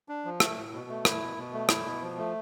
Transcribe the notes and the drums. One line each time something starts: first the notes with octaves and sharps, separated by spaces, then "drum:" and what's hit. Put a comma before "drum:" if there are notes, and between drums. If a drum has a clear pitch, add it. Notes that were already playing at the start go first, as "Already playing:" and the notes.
D4
F3
A3, drum: rim click
A2
B2
A3
E4, drum: rim click
B2
B2
A3
E4, drum: rim click
B2
F3
A3